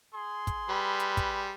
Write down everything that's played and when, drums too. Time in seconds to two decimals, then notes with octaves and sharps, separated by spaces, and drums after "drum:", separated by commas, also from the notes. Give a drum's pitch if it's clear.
0.12 G#4 C6
0.47 drum: kick, hi-hat
0.69 G3 B4
1.00 drum: hi-hat
1.17 drum: kick, hi-hat